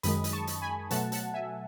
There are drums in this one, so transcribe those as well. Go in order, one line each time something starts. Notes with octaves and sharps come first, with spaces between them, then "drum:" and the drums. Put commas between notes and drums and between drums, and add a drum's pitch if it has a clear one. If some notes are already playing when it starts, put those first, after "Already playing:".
F#2 D#3 G#3 B5 D#6, drum: hi-hat
D#6, drum: hi-hat
A5 C#6
drum: hi-hat
G#5 B5
B2 F#3 A3 F#5 A5, drum: hi-hat
F#5 A5, drum: hi-hat
E5 G#5